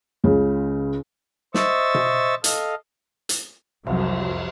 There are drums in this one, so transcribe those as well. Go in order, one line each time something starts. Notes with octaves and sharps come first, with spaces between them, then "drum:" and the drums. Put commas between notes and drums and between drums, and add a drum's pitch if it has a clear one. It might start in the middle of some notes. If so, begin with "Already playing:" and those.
C#2 C#3
C5 D#5 E5 C#6 E6 A6, drum: snare
drum: tom B2
A4 D#5 F5, drum: hi-hat
drum: hi-hat
C2 F2 C3 F3 F#3, drum: cymbal